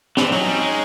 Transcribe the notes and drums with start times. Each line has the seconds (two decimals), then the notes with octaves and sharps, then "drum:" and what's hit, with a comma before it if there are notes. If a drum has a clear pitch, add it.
0.17 E3 C4 D4, drum: snare
0.32 F#3 C#4 D#4
0.46 G3
0.61 G#3